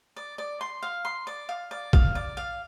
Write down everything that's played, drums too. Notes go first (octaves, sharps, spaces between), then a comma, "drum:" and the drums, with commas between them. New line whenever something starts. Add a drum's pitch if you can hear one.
D5
D5
C6
F5
C6
D5
F5
D5
F5, drum: kick
D5
F5